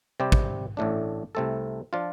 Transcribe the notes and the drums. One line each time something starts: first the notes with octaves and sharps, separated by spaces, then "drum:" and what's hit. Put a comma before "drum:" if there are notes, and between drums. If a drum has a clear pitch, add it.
C3 G3 C4 G4
drum: kick
A1 A2 A3 D4
C2 C3 A3 C4 A4
F3 D4 F4